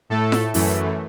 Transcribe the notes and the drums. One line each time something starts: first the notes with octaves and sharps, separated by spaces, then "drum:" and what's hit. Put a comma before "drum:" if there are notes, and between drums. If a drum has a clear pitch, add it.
A2 A3 A4
drum: snare F4
F#2 E3 A3, drum: open hi-hat